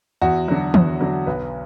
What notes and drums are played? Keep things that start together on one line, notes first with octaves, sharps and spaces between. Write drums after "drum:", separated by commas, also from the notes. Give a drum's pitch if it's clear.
E2 F#4
D3 F#3
E2, drum: tom
D3 F#3
B1 B4